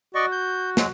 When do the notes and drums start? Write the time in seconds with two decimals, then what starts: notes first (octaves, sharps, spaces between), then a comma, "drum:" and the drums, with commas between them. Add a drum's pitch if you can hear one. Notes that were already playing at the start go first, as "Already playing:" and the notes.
0.15 F#4 D5 D#5 C#6
0.32 G6
0.77 F#3 G#3, drum: snare